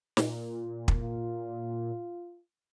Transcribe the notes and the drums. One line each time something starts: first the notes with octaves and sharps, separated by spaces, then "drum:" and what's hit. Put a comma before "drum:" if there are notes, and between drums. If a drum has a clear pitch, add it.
A#2, drum: snare
drum: kick
F4